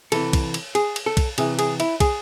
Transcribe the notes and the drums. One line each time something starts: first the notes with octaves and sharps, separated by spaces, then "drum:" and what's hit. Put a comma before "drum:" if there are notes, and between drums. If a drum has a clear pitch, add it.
C3 E3 A4, drum: cymbal
drum: kick, cymbal
drum: cymbal
G#4, drum: cymbal
drum: cymbal
A4
drum: kick, cymbal
C3 E3 G#4, drum: cymbal
G#4, drum: cymbal
E4, drum: cymbal
G#4, drum: kick, cymbal